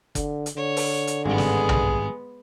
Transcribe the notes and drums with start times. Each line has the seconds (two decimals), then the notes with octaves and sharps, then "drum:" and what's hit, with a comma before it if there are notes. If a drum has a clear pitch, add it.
0.15 D3, drum: kick F#1, hi-hat
0.46 drum: hi-hat
0.57 D3 C#5
0.77 drum: open hi-hat
1.07 drum: hi-hat
1.26 G#1 G2 G#3 B3 G#4
1.38 drum: snare
1.69 drum: tom B1